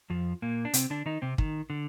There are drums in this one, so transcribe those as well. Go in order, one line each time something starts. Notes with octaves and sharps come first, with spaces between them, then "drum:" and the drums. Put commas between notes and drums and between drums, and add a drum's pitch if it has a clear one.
F2 F3
A#2 A#3
D4
C3 C4, drum: hi-hat
D3 D4
D#3 D#4
C3 C4
D#3, drum: kick
D3